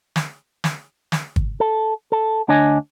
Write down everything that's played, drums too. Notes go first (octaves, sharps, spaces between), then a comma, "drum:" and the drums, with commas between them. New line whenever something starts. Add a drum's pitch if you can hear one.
drum: snare
drum: snare
drum: snare
drum: kick
A4
A4
D2 D4 C#5 D#5 G#5